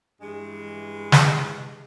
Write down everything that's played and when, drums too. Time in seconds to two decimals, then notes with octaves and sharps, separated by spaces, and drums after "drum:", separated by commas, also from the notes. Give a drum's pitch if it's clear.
0.20 G2 E3 G#3
1.12 drum: snare